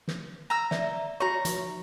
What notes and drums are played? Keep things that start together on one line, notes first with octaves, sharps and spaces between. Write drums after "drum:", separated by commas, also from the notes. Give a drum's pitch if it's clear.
drum: snare
A#5 E6
D5 E5, drum: snare
F#4 C#5 A#5 C#6
F3, drum: hi-hat